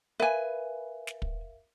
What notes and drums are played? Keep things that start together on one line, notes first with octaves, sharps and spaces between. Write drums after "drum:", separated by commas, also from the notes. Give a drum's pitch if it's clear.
A#4 B4 E5 F5 G#5
drum: snare
drum: kick